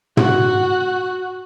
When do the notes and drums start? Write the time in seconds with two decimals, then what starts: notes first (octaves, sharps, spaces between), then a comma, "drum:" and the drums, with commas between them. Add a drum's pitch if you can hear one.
0.17 F#4 F#5, drum: tom